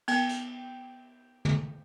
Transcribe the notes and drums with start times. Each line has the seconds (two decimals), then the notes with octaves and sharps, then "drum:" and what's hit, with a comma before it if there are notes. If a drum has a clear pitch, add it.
0.08 B3 G5, drum: cymbal
0.29 drum: hi-hat
1.45 drum: tom